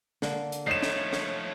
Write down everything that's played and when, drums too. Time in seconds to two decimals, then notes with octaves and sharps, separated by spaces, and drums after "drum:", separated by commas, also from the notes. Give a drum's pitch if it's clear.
0.22 D3 A#3, drum: snare
0.52 drum: hi-hat
0.67 F3 A3 D#4 C5 C#5 C7 E7
0.83 drum: snare
1.13 drum: snare